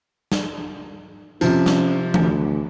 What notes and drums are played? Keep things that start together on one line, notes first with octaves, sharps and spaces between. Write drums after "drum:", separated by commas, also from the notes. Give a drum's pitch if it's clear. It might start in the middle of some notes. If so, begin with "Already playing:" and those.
drum: snare
C3 F3 C#4, drum: tambourine
drum: snare
D2, drum: tom E3